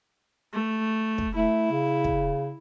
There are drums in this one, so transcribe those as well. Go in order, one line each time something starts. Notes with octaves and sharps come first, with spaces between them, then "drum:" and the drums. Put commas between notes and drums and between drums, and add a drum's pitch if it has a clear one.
A3
drum: kick
A3 E4
C#3
drum: kick